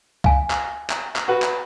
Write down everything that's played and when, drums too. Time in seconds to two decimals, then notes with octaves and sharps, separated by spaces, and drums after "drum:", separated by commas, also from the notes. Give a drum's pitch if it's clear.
0.24 F5 G#5, drum: kick C2
0.50 drum: clap
0.90 drum: clap
1.16 drum: clap
1.28 F#4 B4
1.42 drum: clap